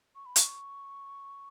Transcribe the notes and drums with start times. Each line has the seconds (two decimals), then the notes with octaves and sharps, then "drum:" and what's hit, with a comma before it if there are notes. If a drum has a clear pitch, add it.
0.15 C#6
0.26 B5
0.36 C#6, drum: hi-hat